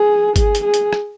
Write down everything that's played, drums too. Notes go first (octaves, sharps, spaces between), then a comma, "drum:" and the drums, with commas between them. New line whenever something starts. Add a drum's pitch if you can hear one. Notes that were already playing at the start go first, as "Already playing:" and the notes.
Already playing: G#4
G#4, drum: kick G1, hi-hat
drum: hi-hat
G#4
drum: hi-hat
drum: rim click